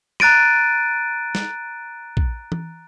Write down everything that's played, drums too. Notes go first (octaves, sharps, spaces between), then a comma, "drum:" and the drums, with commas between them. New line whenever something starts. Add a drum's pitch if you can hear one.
A#5 F#6 A6 D7 D#7, drum: rim click
drum: snare
drum: kick
drum: tom E3